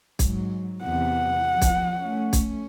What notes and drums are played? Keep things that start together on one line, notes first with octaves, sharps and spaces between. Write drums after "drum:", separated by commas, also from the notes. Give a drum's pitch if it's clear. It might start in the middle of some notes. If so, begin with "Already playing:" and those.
G#2 F#3, drum: kick, hi-hat
E2 C3 B3 F#5
F3
drum: kick, hi-hat
A3 C#4
drum: kick, hi-hat